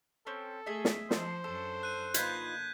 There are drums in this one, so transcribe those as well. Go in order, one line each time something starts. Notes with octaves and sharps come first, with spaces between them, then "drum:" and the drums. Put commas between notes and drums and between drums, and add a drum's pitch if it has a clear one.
C4 C#4 A4
A3 G#4 D#5 E5
drum: snare
F3 A4 C5, drum: snare
F#2 D4 A4
F#6 D#7
D3 A#3 D#4 F4 B4 G6 G#6 B6, drum: hi-hat